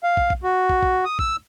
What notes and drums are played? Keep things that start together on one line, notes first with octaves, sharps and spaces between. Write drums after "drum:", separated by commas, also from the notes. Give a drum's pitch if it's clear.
F5
drum: kick
drum: kick
F#4
drum: kick
drum: kick
D#6
E6, drum: kick